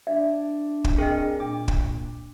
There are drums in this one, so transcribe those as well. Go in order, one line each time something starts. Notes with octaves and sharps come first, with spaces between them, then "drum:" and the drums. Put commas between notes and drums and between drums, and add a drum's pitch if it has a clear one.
D4 D5 E5
drum: kick
C4 G#4 A#4 D#5 G5
A#2 D4 D6
drum: kick